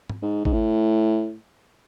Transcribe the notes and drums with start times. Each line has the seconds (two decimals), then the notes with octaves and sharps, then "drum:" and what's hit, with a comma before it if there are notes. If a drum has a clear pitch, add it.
0.09 drum: tom G#2
0.22 G#2
0.45 G#2, drum: kick G#1
0.53 A2